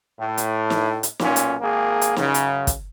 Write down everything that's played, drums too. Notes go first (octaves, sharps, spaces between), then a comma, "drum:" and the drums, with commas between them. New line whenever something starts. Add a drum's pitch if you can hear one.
A2
drum: hi-hat
drum: snare
drum: hi-hat
B1 A#2 C#4, drum: snare
drum: hi-hat
G#1 A#3 G#4
drum: hi-hat
F#2 C#3, drum: snare
drum: hi-hat
drum: kick, hi-hat